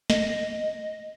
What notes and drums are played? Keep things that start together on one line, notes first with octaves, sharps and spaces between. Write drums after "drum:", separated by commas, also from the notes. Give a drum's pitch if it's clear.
D#5, drum: snare